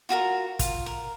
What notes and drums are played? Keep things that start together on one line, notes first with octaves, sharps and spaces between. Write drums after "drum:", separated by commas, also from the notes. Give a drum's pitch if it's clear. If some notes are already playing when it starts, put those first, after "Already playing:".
F4 F#4 A4 A#4
F4, drum: kick, hi-hat
A#4